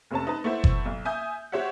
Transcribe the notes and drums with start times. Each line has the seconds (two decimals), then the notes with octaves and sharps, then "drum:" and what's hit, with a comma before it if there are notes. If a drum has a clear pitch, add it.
0.11 F1 C3 C#4 A5
0.27 D#4 B4 A5
0.44 A3 B3 E4 C5
0.64 drum: kick F#1
0.85 B1
1.05 E5 G#5 D#6 G6
1.52 F#4 G4 C5 C#5 E5 F#5